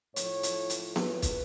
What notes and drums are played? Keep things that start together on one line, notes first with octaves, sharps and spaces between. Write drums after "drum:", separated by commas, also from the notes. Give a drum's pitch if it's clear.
A2 F3 C#5, drum: hi-hat
drum: hi-hat
drum: hi-hat
B4, drum: snare B3
drum: kick, hi-hat